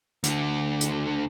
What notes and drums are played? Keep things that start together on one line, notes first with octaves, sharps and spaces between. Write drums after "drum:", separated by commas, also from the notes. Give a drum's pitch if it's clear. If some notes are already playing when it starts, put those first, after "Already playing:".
D2 D3, drum: hi-hat
drum: hi-hat